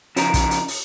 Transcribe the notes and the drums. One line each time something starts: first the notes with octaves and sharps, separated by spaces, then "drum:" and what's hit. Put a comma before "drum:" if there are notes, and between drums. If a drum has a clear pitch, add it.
C#3 F3 A#4 A#5, drum: hi-hat
drum: kick, hi-hat
drum: hi-hat
drum: open hi-hat